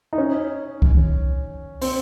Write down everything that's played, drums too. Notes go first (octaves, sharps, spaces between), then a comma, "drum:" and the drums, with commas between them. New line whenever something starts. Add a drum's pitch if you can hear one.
D#4
C#4
drum: kick C2
C4, drum: open hi-hat